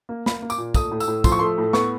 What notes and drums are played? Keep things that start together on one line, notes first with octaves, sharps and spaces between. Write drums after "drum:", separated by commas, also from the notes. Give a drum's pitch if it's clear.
A#3
A#3 B5, drum: snare
A#3
D6, drum: tambourine
A#2
A3 D#6, drum: kick, tambourine
A2
E6, drum: tambourine
A2
F3 C6, drum: kick, tambourine
C#6
A3 C6
A2
B3 C#6, drum: snare